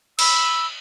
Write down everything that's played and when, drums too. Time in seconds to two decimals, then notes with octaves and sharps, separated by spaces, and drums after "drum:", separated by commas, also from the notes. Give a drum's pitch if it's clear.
0.19 B5 E6, drum: cymbal